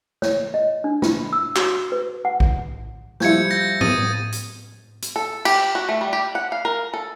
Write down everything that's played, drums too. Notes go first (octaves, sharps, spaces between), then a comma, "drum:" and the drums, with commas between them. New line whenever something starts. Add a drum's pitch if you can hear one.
C#5, drum: snare
D#5
D4
F4, drum: snare
E6
F#4, drum: clap
B4
F#5
drum: kick A#1
F3 G3 E4 G6 G#6 C#7, drum: snare
G6 A#6
D#6 A6 D#7, drum: tom
drum: hi-hat
drum: hi-hat
A4
G4, drum: cymbal
F#4
A3
G3
G4
F#5
F5
A#4
A4